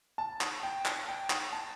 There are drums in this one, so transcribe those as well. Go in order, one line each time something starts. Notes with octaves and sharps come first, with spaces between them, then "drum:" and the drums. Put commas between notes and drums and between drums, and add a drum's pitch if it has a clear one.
A5
drum: clap
G5
drum: clap
G5
drum: clap
A5